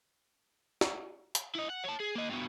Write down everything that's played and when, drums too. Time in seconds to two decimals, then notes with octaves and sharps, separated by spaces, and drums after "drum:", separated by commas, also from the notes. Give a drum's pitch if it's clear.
0.81 drum: snare
1.35 drum: hi-hat
1.55 E4 D#5
1.70 F#5
1.84 C#5 A5
2.00 G#4
2.15 A#3 D#5
2.30 G2 B2